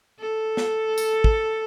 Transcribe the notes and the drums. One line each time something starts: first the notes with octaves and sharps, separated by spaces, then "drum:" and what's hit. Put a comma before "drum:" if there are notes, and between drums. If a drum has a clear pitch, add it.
A4
drum: snare
drum: tambourine
drum: kick